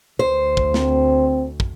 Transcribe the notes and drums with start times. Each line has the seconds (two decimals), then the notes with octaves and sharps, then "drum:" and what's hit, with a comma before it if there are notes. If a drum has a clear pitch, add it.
0.19 D2 C5
0.57 drum: kick
0.74 C4, drum: snare
1.60 drum: kick